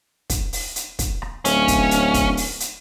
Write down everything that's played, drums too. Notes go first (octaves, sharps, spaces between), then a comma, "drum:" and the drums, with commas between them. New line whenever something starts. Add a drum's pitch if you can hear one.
drum: kick, hi-hat
drum: open hi-hat
drum: hi-hat
drum: kick, hi-hat
drum: rim click
D1 C#4, drum: hi-hat
drum: kick, hi-hat
drum: hi-hat
drum: kick, hi-hat
drum: open hi-hat
drum: hi-hat